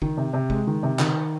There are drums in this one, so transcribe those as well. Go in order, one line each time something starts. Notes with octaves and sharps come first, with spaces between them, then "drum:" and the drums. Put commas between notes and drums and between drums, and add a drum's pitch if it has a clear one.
D#3, drum: kick
C3
C3
G#3, drum: kick
D#3
C3
D#3, drum: clap